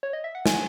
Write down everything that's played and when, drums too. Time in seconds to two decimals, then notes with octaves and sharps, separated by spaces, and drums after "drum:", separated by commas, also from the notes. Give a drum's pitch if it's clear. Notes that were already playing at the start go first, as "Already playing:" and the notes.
0.03 C#5
0.13 D#5
0.24 E5
0.35 F#5
0.46 G#5, drum: snare